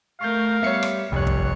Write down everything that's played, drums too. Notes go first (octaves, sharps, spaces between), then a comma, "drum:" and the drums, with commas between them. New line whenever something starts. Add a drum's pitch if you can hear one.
A3 A#4 F5 C#6 G6
G3 B3 C#5 E5 C#7
drum: rim click
F1 C2 G2 C#5 F#6
drum: kick